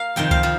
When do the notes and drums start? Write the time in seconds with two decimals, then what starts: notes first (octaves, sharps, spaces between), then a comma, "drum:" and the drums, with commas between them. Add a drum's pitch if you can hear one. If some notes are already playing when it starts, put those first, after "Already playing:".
Already playing: A#3 F5
0.16 F2 C3 D#3 G5
0.31 F5, drum: kick C2
0.43 F3